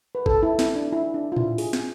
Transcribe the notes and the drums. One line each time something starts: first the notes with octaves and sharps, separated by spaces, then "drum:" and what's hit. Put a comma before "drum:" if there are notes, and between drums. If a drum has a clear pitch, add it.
B4
A4, drum: kick G#1
E4
E4, drum: snare
D4
E4
D4
F4
E4, drum: tom A2
G#4, drum: open hi-hat
drum: snare